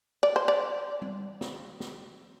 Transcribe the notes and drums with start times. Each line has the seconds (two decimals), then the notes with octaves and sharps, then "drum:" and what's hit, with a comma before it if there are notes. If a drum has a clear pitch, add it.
0.23 D5
0.36 C5
0.48 D5
1.02 drum: tom G3
1.41 drum: snare
1.80 drum: snare